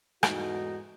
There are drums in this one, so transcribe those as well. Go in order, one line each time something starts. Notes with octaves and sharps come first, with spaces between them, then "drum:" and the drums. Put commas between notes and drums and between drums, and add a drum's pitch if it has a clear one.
E2 G#2 A3 D#4 F#4, drum: rim click